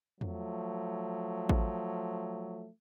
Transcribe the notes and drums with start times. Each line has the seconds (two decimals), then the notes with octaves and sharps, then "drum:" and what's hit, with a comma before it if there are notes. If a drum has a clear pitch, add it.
0.21 F3 F#3 A3, drum: tom E2
1.49 drum: kick A1